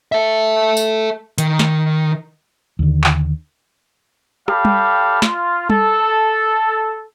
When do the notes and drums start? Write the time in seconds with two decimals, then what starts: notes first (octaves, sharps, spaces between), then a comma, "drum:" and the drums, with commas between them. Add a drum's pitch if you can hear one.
0.12 A4 E5
0.77 drum: tambourine
1.38 D#3, drum: hi-hat
1.59 drum: snare
2.79 D#2 D3
3.04 drum: clap
4.48 G3 G4 A4 F5 B5, drum: rim click
4.65 drum: tom G3
5.22 F4, drum: snare
5.70 A4, drum: tom G3